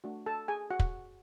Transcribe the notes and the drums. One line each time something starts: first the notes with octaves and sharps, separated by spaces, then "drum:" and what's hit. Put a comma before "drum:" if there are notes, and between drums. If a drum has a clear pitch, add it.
A3 D4 F#4
A4 A5
G#4 G#5
F#4 F#5
drum: kick